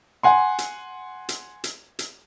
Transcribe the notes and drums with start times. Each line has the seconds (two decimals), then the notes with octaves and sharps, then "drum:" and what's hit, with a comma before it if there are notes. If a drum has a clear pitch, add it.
0.23 F#5 G#5 C6
0.58 drum: hi-hat
1.29 drum: hi-hat
1.64 drum: hi-hat
1.99 drum: hi-hat